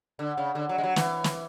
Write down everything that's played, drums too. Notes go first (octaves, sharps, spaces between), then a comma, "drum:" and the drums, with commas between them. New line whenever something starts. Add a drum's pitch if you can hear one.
D3
C#3
D3
F#3
G#3
F#3
E3, drum: snare
drum: snare